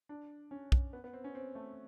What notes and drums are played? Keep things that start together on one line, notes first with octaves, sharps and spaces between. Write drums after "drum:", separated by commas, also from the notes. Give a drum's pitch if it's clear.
D4
C#4
drum: kick
B3
B3
C4
C#4
C4
A3